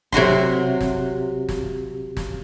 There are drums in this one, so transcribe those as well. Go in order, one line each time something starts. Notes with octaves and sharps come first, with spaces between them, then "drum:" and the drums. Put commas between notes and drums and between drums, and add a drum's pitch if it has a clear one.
C3 F#3 F#4 C6, drum: snare
drum: snare
drum: snare
drum: snare